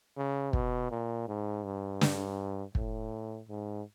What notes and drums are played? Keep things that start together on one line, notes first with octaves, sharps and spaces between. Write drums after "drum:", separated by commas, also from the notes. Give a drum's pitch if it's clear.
C#3
B2, drum: kick
A#2
G#2
G2
drum: snare
A2, drum: kick
G#2